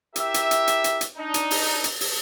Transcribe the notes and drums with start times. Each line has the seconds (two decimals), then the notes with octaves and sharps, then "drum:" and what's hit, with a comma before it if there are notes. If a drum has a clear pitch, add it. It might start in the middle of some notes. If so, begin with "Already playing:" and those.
0.16 E4 G4 A#4 E5, drum: hi-hat
0.34 drum: hi-hat
0.51 drum: hi-hat
0.68 drum: hi-hat
0.84 drum: hi-hat
1.01 drum: hi-hat
1.17 D4 D#4
1.34 drum: hi-hat
1.51 drum: open hi-hat
1.84 drum: hi-hat
2.00 drum: open hi-hat